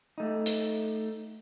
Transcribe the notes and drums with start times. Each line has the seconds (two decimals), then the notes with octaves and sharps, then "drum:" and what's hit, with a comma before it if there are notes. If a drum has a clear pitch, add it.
0.18 A3 D#4
0.46 drum: hi-hat